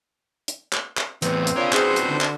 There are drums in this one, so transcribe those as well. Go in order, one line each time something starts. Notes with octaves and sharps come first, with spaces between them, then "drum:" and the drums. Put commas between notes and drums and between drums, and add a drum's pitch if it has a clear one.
drum: hi-hat
drum: clap
drum: clap
E2 A2 C4 B4, drum: hi-hat
drum: hi-hat
A#3 D4 F4 C#5 F5
C#4 D#4 F#4 G#4 B4 C5, drum: clap
drum: hi-hat
D3
drum: clap